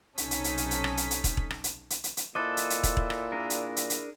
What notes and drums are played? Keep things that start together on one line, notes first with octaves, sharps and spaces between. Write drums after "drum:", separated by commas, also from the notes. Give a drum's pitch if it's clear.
B1 C3 C#4 D#4 A4 B6, drum: hi-hat
drum: hi-hat
drum: hi-hat
drum: hi-hat
drum: hi-hat
drum: rim click
drum: hi-hat
drum: hi-hat
drum: kick, hi-hat
drum: kick
drum: rim click
drum: hi-hat
drum: hi-hat
drum: hi-hat
drum: hi-hat
A#2 E4 A4 C5 D#5 D6 F#6 A6
drum: hi-hat
drum: hi-hat
drum: kick, hi-hat
drum: kick
drum: rim click
D4 G#4 A#4
drum: hi-hat
drum: hi-hat
drum: hi-hat